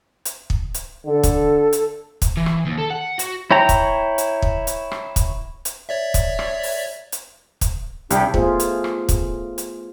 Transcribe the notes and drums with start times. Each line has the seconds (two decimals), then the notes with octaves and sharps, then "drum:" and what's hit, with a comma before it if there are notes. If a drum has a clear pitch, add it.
0.25 drum: hi-hat
0.50 drum: kick
0.74 drum: hi-hat
1.06 D3 A4
1.23 drum: kick, hi-hat
1.73 drum: hi-hat
2.22 drum: kick, hi-hat
2.37 E3
2.46 drum: rim click
2.66 D#2
2.78 A4
2.91 F#5
3.19 F#4, drum: hi-hat
3.51 E4 C#5 G5 A#5
3.69 drum: kick, hi-hat
4.18 drum: hi-hat
4.42 drum: kick
4.67 drum: hi-hat
4.91 drum: rim click
5.16 drum: kick, hi-hat
5.65 drum: hi-hat
5.89 C#5 D5 E5
6.14 drum: kick, hi-hat
6.39 drum: rim click
6.63 drum: open hi-hat
7.12 drum: hi-hat
7.61 drum: kick, hi-hat
8.10 C2 D4 G4, drum: hi-hat
8.34 A3 B3 F4 G#4 C5, drum: kick
8.60 drum: hi-hat
8.84 drum: rim click
9.09 drum: kick, hi-hat
9.58 drum: hi-hat